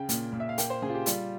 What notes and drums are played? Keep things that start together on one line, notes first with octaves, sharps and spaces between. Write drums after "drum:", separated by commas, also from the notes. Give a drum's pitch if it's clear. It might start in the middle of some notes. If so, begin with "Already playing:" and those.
Already playing: C#3 G5
A#2, drum: hi-hat
A#2
E5
F5
A#3 G5, drum: hi-hat
C5
C#3 G#4
F4
G4
G3 F4, drum: hi-hat